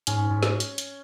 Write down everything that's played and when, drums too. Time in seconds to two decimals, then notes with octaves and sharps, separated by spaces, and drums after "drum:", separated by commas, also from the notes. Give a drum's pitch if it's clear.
0.07 G#2 C#4, drum: hi-hat
0.30 G#2
0.43 drum: snare
0.60 drum: hi-hat
0.78 drum: hi-hat